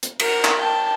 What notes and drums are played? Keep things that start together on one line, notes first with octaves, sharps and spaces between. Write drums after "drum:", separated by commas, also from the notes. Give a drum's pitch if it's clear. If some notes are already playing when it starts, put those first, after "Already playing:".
drum: hi-hat
A#4 F#5, drum: cymbal
drum: clap
G5 A5